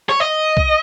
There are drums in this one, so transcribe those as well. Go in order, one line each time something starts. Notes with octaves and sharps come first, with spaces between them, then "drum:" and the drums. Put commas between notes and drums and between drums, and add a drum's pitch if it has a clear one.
C#5
D#5
drum: kick B1